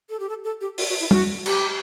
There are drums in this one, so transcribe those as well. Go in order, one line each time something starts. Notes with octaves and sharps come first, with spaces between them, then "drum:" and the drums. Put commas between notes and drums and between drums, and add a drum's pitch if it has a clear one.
A4
G4
A4
A4
G4
F#4, drum: open hi-hat
F#4
E4
F#4, drum: tom
G4, drum: cymbal